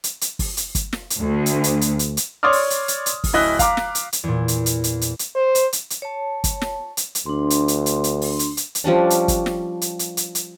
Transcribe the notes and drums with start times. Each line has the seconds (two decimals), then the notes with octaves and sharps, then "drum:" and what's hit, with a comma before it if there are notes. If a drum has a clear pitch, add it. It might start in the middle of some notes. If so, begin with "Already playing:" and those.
0.04 drum: hi-hat
0.21 drum: hi-hat
0.39 drum: kick, open hi-hat
0.57 drum: hi-hat
0.75 drum: kick, hi-hat
0.93 drum: snare
1.10 drum: hi-hat
1.20 D2
1.46 drum: hi-hat
1.64 drum: hi-hat
1.81 drum: hi-hat
1.99 drum: hi-hat
2.17 drum: hi-hat
2.43 C#5 D5 C6 D6 D#6 F6
2.53 drum: open hi-hat
2.70 drum: hi-hat
2.88 drum: hi-hat
3.06 drum: hi-hat
3.24 drum: kick, open hi-hat
3.33 D1 E4 D#5 F#6 B6
3.59 F5 A#5 D6, drum: kick, hi-hat
3.77 drum: snare
3.95 drum: hi-hat
4.13 drum: hi-hat
4.24 E2 A#2
4.48 drum: hi-hat
4.66 drum: hi-hat
4.84 drum: hi-hat
5.01 drum: hi-hat
5.19 drum: hi-hat
5.35 C5
5.55 drum: hi-hat
5.73 drum: hi-hat
5.90 drum: hi-hat
6.02 C#5 A5
6.44 drum: kick, hi-hat
6.61 drum: snare
6.97 drum: hi-hat
7.15 drum: hi-hat
7.26 D2 D4 C6
7.50 drum: hi-hat
7.68 drum: hi-hat
7.86 drum: hi-hat
8.04 drum: hi-hat
8.21 drum: open hi-hat
8.39 drum: hi-hat
8.57 drum: hi-hat
8.75 drum: hi-hat
8.84 F3 G3 C#4 D4
9.10 drum: hi-hat
9.28 drum: kick, hi-hat
9.46 drum: snare
9.81 drum: hi-hat
9.99 drum: hi-hat
10.17 drum: hi-hat
10.35 drum: hi-hat